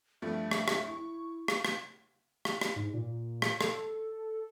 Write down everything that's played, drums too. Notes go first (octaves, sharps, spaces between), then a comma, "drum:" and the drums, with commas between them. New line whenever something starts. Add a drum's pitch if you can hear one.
G2 F3 A3 E5
drum: rim click
drum: rim click
E4 C#6
drum: rim click
drum: rim click
drum: rim click
drum: rim click
G#2
A#2
drum: rim click
A4, drum: rim click